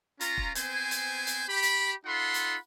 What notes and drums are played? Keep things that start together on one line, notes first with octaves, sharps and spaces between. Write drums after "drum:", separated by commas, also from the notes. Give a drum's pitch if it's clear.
C#4 F4 A#5, drum: hi-hat
drum: kick
B3 C4 C5 G#5, drum: hi-hat
drum: hi-hat
drum: hi-hat
G4 B5
drum: hi-hat
D#4 F4 A4 F#5 B5 C6
drum: hi-hat